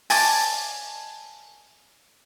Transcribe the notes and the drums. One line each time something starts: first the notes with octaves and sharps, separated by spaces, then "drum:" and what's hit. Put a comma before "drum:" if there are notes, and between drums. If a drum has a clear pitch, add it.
G#5 A5 D6, drum: open hi-hat